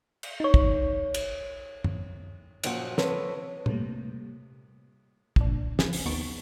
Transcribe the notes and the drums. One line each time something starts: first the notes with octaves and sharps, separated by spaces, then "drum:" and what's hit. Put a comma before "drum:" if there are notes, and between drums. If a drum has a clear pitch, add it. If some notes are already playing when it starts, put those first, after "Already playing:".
drum: cymbal
D#4 C#5
drum: kick
drum: cymbal
drum: tom F#2
F#2 A#2 F3 F#4 G4 F#5, drum: cymbal
F3 C4 A4 B4 C#5, drum: snare
C3 G3 A3 A#3, drum: tom
A#2 D4, drum: kick
G#4, drum: snare
drum: open hi-hat
D#2 B3 D#4 C#6 A6 D7